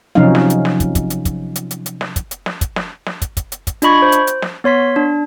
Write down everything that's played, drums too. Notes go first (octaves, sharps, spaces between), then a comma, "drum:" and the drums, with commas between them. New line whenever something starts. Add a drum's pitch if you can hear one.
C3 F3 F#3 C#4 D#4 F5
drum: snare
drum: hi-hat
drum: snare
drum: kick, hi-hat
drum: kick, hi-hat
drum: hi-hat
drum: kick, hi-hat
drum: hi-hat
drum: hi-hat
drum: hi-hat
drum: snare
drum: kick, hi-hat
drum: hi-hat
drum: snare
drum: kick, hi-hat
drum: snare
drum: snare
drum: kick, hi-hat
drum: kick, hi-hat
drum: hi-hat
drum: kick, hi-hat
D4 F4 D#5 B5 C#6 G#6, drum: hi-hat
C5
drum: hi-hat
drum: hi-hat
drum: snare
B3 C#5 C6 B6
D4